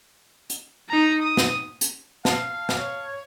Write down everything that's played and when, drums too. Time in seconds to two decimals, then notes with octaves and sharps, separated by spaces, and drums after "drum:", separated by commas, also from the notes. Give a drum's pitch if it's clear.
0.50 drum: hi-hat
0.89 D#4 A#5
1.21 D#6
1.37 drum: snare
1.81 drum: hi-hat
2.25 F5 A5 C7, drum: snare
2.69 drum: snare
2.78 C#5